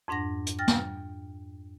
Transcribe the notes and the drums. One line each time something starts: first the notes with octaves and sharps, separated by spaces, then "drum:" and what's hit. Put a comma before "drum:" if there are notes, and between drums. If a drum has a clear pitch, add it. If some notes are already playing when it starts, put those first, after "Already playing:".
F2 G#2 D4 F#5 A#6
drum: hi-hat
G5 F6 A6 A#6
drum: snare